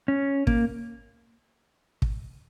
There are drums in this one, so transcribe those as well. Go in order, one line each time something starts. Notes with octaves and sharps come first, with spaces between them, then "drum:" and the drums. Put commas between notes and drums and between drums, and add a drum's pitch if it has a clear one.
C#4
A#3, drum: kick
drum: kick